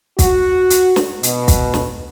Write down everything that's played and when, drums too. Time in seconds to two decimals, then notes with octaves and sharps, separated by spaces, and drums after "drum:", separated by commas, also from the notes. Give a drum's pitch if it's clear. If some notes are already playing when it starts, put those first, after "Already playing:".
0.19 F#4, drum: kick, hi-hat
0.70 drum: hi-hat
0.96 drum: snare
1.23 B2, drum: hi-hat
1.48 drum: kick, hi-hat
1.74 drum: snare